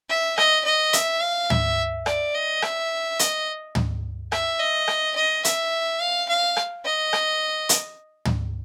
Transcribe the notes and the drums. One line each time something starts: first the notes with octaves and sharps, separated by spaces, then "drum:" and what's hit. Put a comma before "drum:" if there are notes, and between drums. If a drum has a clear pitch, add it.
E5
D#5, drum: rim click
D#5
E5, drum: hi-hat
F5
E5, drum: tom
D5, drum: rim click
D#5
E5, drum: rim click
D#5, drum: hi-hat
drum: tom
E5, drum: rim click
D#5
drum: rim click
D#5
E5, drum: hi-hat
F5
F5
drum: rim click
D#5
drum: rim click
drum: hi-hat
drum: tom